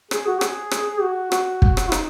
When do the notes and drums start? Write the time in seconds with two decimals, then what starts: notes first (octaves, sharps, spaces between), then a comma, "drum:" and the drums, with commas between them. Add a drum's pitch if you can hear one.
0.11 G#4, drum: rim click
0.27 F#4
0.41 G#4, drum: rim click
0.71 drum: rim click
1.02 F#4
1.32 F#4, drum: rim click
1.62 drum: kick
1.77 drum: rim click
1.92 D#4, drum: rim click